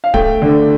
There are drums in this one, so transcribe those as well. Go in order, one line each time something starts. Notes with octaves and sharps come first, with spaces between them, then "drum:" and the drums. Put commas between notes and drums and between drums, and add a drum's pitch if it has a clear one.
F5
A3 G5, drum: kick D1
D3